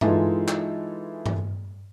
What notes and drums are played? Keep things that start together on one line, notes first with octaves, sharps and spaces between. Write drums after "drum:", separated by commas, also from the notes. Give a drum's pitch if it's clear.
E3 G#3 D#4 F4 A4 E5, drum: tom G2
drum: clap
drum: tom G2